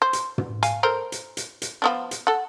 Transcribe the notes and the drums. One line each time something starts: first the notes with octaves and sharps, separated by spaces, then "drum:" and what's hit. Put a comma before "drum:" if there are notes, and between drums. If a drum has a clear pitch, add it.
C5
drum: hi-hat
drum: tom
F5 G#5, drum: hi-hat
A4 A#4 C5
drum: hi-hat
drum: hi-hat
drum: hi-hat
F3 B3 D4
drum: hi-hat
A4 F#5